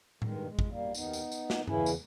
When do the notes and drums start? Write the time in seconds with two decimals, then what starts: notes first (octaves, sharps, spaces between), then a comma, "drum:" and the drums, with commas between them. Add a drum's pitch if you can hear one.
0.22 G2 D#3 G#3, drum: tom A2
0.47 G#3
0.59 drum: kick
0.71 G3 A#3
0.95 D#2 D#3 B3 D#4, drum: tambourine
1.13 drum: tambourine
1.32 drum: tambourine
1.50 drum: snare
1.67 E2 C#3 E3 C#4 E4, drum: tom G2
1.86 drum: tambourine